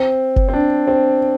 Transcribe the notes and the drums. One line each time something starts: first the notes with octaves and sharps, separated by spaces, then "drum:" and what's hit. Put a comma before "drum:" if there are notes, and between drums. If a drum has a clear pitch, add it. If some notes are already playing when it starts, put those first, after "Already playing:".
Already playing: C4
drum: kick F#1
C4
D4
C4